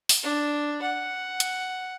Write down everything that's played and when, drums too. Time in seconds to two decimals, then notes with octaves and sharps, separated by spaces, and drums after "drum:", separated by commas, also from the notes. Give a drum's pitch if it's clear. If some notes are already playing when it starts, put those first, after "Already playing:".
0.09 drum: open hi-hat
0.24 D4
0.82 F#5
1.40 drum: hi-hat